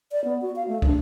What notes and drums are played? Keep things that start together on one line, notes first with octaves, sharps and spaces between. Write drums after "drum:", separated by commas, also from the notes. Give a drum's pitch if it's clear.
D5
B3
F#4
F5
A3
D4, drum: kick